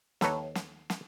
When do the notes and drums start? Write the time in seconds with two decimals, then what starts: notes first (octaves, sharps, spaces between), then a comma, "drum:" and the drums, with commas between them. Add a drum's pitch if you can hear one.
0.21 D#2 A4 B4 C#5 A#5, drum: snare
0.55 drum: snare
0.90 drum: snare